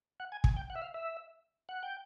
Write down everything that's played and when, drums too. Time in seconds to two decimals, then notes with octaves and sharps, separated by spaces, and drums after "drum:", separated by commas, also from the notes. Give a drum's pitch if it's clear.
0.20 F#5
0.32 G#5
0.44 G#5, drum: kick
0.56 G5
0.70 F#5
0.75 E5
0.82 F5
0.94 E5
1.69 F#5
1.83 G5